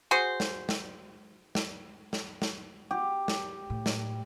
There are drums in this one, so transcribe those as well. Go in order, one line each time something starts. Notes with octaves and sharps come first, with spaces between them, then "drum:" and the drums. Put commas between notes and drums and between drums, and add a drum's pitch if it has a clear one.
F#4 G#4 C5
drum: snare
drum: snare
drum: snare
drum: snare
drum: snare
G4
drum: snare
A2
drum: snare